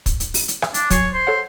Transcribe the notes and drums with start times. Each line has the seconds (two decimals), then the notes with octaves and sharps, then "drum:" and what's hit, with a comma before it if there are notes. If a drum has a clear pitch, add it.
0.06 drum: kick, hi-hat
0.20 drum: hi-hat
0.34 drum: open hi-hat
0.48 drum: hi-hat
0.62 drum: rim click
0.74 D4, drum: hi-hat
0.90 F#3 C#5 G#5 C7, drum: kick, hi-hat
1.13 C5
1.27 A4 C#5 F#5